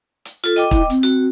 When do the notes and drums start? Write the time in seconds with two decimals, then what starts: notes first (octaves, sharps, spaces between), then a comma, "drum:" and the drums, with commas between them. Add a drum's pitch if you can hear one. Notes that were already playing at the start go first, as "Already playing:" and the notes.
0.25 drum: hi-hat
0.44 F4 A4, drum: hi-hat
0.56 D#5 G5 D6, drum: hi-hat
0.71 E4, drum: kick, hi-hat
0.90 C4, drum: hi-hat
1.03 F#4, drum: hi-hat